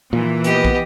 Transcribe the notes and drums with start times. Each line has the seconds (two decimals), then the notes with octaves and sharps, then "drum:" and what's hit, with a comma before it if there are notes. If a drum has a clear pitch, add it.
0.13 A#2 E3
0.44 B3 G4 D#5, drum: hi-hat
0.65 drum: kick